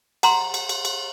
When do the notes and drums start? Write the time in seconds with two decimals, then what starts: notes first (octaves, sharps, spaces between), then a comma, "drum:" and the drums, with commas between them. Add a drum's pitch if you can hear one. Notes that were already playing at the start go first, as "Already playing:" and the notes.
0.23 F#5 A#5 C6, drum: cymbal
0.54 drum: cymbal
0.69 drum: cymbal
0.85 drum: cymbal